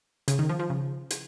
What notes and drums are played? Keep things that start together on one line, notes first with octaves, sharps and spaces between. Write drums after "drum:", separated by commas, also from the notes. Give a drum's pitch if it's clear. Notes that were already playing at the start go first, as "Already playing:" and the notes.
C#3, drum: hi-hat
D#3
F3
F3
C#3
drum: hi-hat